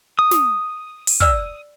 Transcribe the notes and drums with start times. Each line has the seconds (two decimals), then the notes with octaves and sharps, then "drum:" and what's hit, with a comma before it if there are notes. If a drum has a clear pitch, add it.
0.19 D#6
0.31 drum: snare
1.07 drum: open hi-hat
1.20 D5 E6 F6, drum: kick